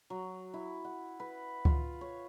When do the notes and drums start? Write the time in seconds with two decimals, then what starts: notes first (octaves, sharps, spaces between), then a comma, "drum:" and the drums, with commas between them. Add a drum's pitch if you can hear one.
0.10 F#3
0.54 E4
0.85 F#5
1.20 B4
1.65 F4, drum: kick C#2
2.01 C#5